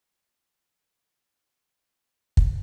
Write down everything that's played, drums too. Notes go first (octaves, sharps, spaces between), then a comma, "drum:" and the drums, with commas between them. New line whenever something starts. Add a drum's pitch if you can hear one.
E5 C#6
drum: kick